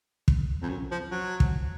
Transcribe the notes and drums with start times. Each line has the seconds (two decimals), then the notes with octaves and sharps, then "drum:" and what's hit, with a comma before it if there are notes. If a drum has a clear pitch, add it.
0.28 drum: kick
0.62 F2
0.69 F#2
0.91 F3
1.11 F#3
1.40 drum: kick